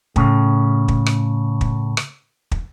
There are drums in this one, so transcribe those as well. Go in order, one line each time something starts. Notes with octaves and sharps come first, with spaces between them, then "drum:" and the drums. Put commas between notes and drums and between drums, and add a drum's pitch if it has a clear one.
A2 C#3, drum: kick
drum: kick
drum: rim click
drum: kick
drum: rim click
drum: kick